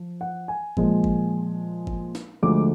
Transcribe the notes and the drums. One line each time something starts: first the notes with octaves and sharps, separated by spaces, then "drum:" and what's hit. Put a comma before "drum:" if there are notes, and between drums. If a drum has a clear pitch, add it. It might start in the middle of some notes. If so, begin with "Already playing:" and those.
Already playing: F3
F#5
G#5
A#2 F3 G#3, drum: kick G1
drum: kick G1
drum: kick G1
drum: snare
D2 D3 F3 G#3 D6